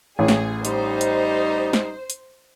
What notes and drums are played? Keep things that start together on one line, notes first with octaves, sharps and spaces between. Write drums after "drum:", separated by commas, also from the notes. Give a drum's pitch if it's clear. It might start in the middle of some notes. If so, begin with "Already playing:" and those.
A1 G#4
drum: snare
G3 D#4 C5, drum: hi-hat
drum: hi-hat
drum: snare
drum: hi-hat